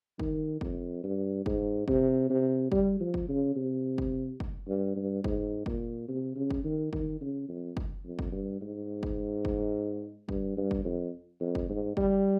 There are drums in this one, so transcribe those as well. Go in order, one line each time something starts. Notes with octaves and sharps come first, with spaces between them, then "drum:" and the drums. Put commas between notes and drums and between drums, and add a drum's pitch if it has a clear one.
D#3, drum: kick
F2, drum: kick
G2
G#2, drum: kick
C3, drum: kick
C3
G3, drum: kick
F3
drum: kick
C#3
C3
drum: kick
drum: kick
G2
G2
G#2, drum: kick
A#2, drum: kick
C3
C#3
drum: kick
D#3
D#3, drum: kick
C#3
F2
drum: kick
F2
drum: kick
G2
G#2
drum: kick
drum: kick
G2, drum: kick
G2
drum: kick
F2
F2
drum: kick
G#2
G3, drum: kick